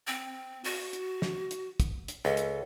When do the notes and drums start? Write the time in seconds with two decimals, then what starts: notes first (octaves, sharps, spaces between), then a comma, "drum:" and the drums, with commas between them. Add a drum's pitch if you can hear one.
0.07 C4
0.64 F#4, drum: open hi-hat
0.93 drum: hi-hat
1.22 drum: snare
1.51 drum: hi-hat
1.80 drum: kick, hi-hat
2.08 drum: hi-hat
2.25 C#2 A4
2.37 drum: hi-hat